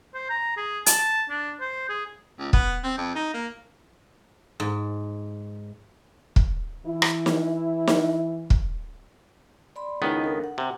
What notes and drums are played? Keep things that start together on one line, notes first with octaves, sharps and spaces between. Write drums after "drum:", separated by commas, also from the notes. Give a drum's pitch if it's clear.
C5
A#5
G#4
A5, drum: hi-hat
D4
C5
G#4
C#2
B3, drum: kick
C4
F2
D#4
A#3
G#2
drum: kick
E3 E4
drum: rim click
drum: snare
drum: snare
drum: kick
D5 B5 C6
C#2 D#3 B3 D#4 E4 D#5
D4 A4 A#4
F#5
C3